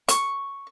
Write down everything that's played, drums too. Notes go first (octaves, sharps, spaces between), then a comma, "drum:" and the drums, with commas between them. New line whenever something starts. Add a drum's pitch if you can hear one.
C#6, drum: hi-hat